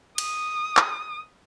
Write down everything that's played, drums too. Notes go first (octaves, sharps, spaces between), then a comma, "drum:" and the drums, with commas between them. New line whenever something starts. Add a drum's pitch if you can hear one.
D#6, drum: cymbal
drum: clap